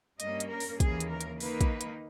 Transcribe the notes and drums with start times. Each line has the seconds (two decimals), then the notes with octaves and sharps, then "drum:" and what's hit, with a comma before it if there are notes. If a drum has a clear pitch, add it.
0.20 G2 G3 A#3 C#4 D#5, drum: hi-hat
0.40 drum: hi-hat
0.51 A#4
0.60 drum: open hi-hat
0.80 D#2 C#3 E3 A#3 G#4, drum: kick, hi-hat
1.00 drum: hi-hat
1.11 A#4
1.20 drum: hi-hat
1.40 D#3 A#3 D#4 B4, drum: open hi-hat
1.61 drum: kick, hi-hat
1.81 drum: hi-hat